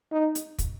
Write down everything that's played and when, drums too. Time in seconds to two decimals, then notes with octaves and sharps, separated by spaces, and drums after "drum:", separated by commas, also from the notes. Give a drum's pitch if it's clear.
0.12 D#4
0.35 drum: hi-hat
0.59 drum: kick, hi-hat